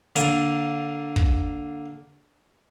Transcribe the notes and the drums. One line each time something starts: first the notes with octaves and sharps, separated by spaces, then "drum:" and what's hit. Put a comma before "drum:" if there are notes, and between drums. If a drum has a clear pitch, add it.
D3 A#3, drum: hi-hat
drum: kick